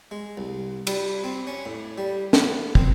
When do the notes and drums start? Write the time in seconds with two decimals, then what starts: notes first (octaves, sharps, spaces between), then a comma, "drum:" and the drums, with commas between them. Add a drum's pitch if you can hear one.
0.11 G#3
0.37 C2
0.87 G3, drum: cymbal
1.24 C4
1.47 C#4
1.65 A2
1.98 G3
2.33 B3, drum: snare
2.75 C4, drum: kick